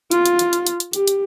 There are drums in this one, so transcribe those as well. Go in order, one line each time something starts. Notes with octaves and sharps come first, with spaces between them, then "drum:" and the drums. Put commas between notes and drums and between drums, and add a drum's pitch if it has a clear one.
F4, drum: hi-hat
drum: hi-hat
drum: hi-hat
drum: hi-hat
drum: hi-hat
drum: hi-hat
G4, drum: hi-hat
drum: hi-hat